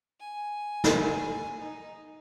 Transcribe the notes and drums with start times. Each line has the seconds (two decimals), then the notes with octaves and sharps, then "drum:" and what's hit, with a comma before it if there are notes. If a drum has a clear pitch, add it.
0.20 G#5
0.84 drum: snare
1.59 D#4